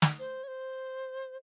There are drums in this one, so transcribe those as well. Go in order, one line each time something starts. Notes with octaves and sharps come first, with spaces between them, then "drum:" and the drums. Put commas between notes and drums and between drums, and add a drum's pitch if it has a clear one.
drum: snare
C5
C#5
C5